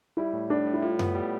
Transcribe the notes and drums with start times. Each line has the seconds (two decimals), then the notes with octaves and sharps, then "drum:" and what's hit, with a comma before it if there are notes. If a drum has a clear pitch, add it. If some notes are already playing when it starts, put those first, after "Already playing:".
0.17 G3 E4
0.33 A2
0.50 A2 D4
0.66 A2
0.74 E4
0.82 A2 F4
0.99 B3, drum: tom F#2
1.15 G3